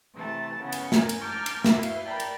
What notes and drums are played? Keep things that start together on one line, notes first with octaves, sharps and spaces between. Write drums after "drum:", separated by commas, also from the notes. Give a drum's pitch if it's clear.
C3 E3 A3 A5
C#3 B3
drum: cymbal
A#4 G#5, drum: snare
drum: cymbal
A5 A#5 D6 F6 G6 G#6
drum: cymbal
E4 F#4 B4 E5 F5, drum: snare
drum: cymbal
A#4 D5 G5 A5 B5
drum: cymbal